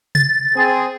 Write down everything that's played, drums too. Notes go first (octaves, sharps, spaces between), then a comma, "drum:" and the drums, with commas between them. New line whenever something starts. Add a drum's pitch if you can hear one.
A6, drum: tom C3
C4 G#4